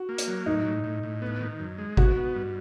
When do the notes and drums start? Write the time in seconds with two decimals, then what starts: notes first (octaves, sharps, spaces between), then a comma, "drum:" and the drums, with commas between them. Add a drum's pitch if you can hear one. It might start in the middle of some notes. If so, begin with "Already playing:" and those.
Already playing: F#4
0.09 A#3
0.18 drum: hi-hat
0.28 F#3
0.46 A2 D#4
0.65 A2
0.84 A2
1.03 A2
1.22 B3
1.41 D#3
1.60 F#2
1.78 G#3
1.97 B3 F#4, drum: kick G#1
2.16 B3
2.35 G2